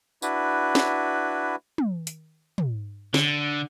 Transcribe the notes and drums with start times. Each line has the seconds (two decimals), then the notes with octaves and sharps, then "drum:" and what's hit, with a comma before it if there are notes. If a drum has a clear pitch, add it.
0.22 D4 E4 F#4 B4, drum: tambourine
0.75 drum: snare
1.78 drum: tom
2.07 drum: hi-hat
2.58 drum: tom
3.14 D3, drum: snare